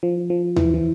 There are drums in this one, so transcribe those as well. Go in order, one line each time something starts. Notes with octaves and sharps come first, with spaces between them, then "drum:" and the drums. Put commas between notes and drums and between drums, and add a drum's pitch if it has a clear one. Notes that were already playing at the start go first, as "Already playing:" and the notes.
F3
F3
E3, drum: tom D#2
E3